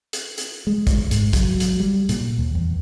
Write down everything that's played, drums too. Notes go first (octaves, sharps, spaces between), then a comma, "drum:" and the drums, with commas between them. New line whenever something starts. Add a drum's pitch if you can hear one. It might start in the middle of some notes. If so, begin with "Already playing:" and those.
drum: hi-hat
drum: hi-hat
G#3
drum: kick, hi-hat
G#2, drum: hi-hat
F#3, drum: kick, hi-hat
drum: hi-hat
G3
A#2, drum: hi-hat
D#2
E2